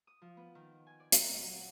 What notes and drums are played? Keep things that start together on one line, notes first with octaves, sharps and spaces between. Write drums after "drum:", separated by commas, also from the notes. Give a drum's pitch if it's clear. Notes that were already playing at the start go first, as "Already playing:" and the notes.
D#6
F3
B3
D#3
G#5
D5
A#5, drum: hi-hat
A#2
F#3